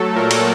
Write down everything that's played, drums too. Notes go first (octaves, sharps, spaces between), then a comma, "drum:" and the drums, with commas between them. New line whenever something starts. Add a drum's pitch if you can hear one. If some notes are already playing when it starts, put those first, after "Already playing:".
Already playing: F#3 A3 A4
A#2 A#4
drum: cymbal